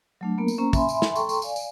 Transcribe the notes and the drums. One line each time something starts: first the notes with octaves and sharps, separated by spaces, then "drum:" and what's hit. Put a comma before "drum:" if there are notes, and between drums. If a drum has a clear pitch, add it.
F#3 A3 D4
A#3 B3 A#4
drum: tambourine
A#3 C#4 C5 A#5
E5 G#5 B5 C6, drum: kick, tambourine
drum: tambourine
drum: snare
A4 G5 A#5 C6 C#6, drum: tambourine
drum: tambourine
D5 F5 G#5, drum: tambourine
drum: tambourine